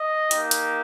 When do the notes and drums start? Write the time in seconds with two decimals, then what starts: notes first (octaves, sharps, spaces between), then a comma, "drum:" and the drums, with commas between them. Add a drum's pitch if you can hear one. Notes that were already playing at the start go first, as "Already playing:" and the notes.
Already playing: D#5
0.31 A#3 D#4 G4, drum: hi-hat
0.51 drum: hi-hat